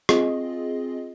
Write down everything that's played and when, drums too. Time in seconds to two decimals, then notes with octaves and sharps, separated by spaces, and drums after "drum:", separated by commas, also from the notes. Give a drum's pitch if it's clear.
0.09 C4 F4 G#4 D#5, drum: rim click